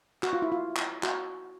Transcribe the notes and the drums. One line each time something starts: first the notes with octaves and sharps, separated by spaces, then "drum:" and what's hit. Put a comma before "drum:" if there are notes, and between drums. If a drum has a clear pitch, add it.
F#4, drum: clap
F4
E4
F4
drum: clap
F#4, drum: clap